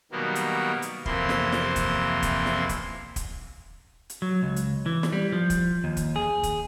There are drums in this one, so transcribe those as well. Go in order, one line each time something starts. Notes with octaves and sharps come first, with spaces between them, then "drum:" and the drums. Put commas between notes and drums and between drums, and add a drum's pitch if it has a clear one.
B2 D#3 F#3 G3 A#3 B3
drum: hi-hat
drum: hi-hat
F2 C3 E3 A#3 E4 C6, drum: kick
drum: snare
drum: snare
drum: kick, hi-hat
drum: kick, hi-hat
drum: snare
drum: kick, hi-hat
drum: kick, hi-hat
drum: hi-hat
F#3
C#2
drum: hi-hat
E3
drum: snare
G3
F3
drum: kick, hi-hat
D#2
drum: kick, hi-hat
G#4
drum: kick, hi-hat